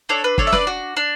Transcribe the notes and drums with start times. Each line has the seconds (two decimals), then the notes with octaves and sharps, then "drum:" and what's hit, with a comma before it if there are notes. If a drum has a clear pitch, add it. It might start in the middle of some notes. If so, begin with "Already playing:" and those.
0.09 D4 A4 C#5
0.24 B4
0.38 D4 A4 C#5, drum: kick
0.47 E5
0.52 B4 D5, drum: snare
0.67 F#4
0.97 D4